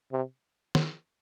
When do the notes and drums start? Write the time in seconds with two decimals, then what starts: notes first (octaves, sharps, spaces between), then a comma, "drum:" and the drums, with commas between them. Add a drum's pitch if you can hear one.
0.12 C3
0.75 drum: snare